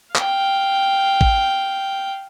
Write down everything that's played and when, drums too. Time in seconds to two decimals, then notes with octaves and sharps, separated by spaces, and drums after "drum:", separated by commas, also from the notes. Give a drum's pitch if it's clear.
0.15 F5 G5, drum: clap
1.21 drum: kick